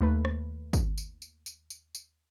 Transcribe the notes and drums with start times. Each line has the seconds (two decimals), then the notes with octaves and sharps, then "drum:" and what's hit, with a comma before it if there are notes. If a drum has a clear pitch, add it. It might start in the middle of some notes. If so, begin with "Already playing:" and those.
0.01 D#2 A3 B4
0.25 drum: rim click
0.73 drum: kick, tambourine
0.98 drum: tambourine
1.22 drum: tambourine
1.46 drum: tambourine
1.70 drum: tambourine
1.95 drum: tambourine